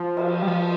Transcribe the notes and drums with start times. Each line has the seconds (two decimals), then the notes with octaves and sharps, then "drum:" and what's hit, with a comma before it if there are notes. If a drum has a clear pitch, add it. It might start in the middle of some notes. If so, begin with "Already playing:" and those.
Already playing: F3
0.17 drum: cymbal
0.42 G3
0.47 F3